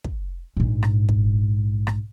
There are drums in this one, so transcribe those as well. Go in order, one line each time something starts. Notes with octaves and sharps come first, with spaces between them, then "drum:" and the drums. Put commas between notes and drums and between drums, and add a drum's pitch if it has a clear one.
drum: kick
A#1 G#2
drum: rim click
drum: kick
drum: rim click